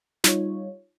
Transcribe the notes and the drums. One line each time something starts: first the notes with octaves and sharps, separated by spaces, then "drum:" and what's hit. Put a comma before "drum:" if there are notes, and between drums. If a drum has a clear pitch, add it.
G3 D#4 F4 C#5, drum: snare